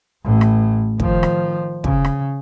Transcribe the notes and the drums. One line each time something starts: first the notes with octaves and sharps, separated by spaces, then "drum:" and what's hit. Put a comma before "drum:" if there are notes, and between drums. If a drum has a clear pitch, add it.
A1 A2
drum: rim click
D#3 F3, drum: kick
drum: rim click
C#3, drum: kick
drum: rim click